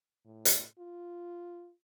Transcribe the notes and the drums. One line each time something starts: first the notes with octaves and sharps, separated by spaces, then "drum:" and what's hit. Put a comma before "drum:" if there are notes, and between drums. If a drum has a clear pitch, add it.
A2
drum: hi-hat
F4